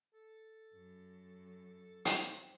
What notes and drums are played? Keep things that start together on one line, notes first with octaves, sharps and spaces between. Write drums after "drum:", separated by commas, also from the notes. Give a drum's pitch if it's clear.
A4
F#2
C4, drum: hi-hat